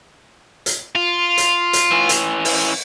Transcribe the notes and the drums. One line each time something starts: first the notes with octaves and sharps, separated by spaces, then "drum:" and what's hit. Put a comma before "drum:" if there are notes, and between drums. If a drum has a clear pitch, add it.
drum: hi-hat
F4
drum: hi-hat
drum: hi-hat
E3 C#4
drum: hi-hat
drum: open hi-hat